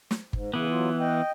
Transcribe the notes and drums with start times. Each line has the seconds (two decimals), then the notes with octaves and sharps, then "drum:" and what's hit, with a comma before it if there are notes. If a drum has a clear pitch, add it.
0.11 drum: snare
0.33 G#2, drum: kick G1
0.54 C#3 E3 B3
0.70 F#3 F4
1.00 D#5 G5